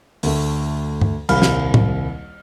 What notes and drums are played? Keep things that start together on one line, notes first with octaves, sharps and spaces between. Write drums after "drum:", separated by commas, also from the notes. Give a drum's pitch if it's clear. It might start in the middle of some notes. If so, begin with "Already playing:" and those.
D2 A3, drum: open hi-hat
drum: tom G2
D#1 C2 C4 F5 B5 F6, drum: cymbal
drum: snare
drum: tom A2